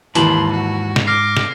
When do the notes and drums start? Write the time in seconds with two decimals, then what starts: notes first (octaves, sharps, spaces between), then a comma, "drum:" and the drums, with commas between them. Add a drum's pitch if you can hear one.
0.15 D#2 G#2 E3 A5 B5 C6, drum: hi-hat
0.52 F#4
0.96 drum: snare
1.07 D6 F6 A#6 C7
1.37 drum: snare